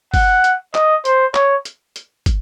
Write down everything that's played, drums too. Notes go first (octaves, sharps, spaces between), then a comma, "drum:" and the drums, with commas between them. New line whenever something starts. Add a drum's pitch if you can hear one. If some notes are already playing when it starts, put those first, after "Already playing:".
F#5, drum: kick, open hi-hat
drum: hi-hat
D#5, drum: clap
C5, drum: hi-hat
C#5, drum: clap
drum: hi-hat
drum: hi-hat
drum: kick, hi-hat